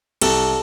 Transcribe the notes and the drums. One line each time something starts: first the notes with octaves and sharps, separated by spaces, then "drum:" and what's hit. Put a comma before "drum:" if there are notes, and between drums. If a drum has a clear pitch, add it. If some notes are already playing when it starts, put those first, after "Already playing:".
C2 A4, drum: cymbal